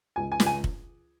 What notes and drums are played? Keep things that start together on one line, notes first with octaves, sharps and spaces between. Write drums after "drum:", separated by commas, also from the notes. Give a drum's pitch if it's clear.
C#2 G#5
G#5
C#2, drum: snare
G#5
drum: kick